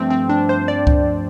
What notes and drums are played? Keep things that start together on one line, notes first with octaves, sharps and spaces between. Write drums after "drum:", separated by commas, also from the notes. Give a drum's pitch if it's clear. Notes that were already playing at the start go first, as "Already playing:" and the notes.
Already playing: G2 F3 A3 C4
C4
D4
C5
D5
drum: kick C#2